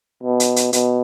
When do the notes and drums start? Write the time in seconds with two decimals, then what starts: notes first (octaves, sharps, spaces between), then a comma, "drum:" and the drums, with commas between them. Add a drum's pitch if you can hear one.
0.23 B2
0.40 drum: hi-hat
0.56 drum: hi-hat
0.73 B2, drum: hi-hat